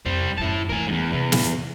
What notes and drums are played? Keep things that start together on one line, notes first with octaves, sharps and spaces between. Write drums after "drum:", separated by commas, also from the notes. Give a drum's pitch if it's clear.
F2 G3 C5
F#2 D#3 E4 A5
E3 A3 A#4 G#5
E2 G#2
E2 C3
drum: snare